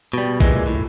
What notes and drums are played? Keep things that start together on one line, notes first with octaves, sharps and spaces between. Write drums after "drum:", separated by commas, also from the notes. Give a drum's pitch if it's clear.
B2 G3
A#2 E3 G#3, drum: kick
A2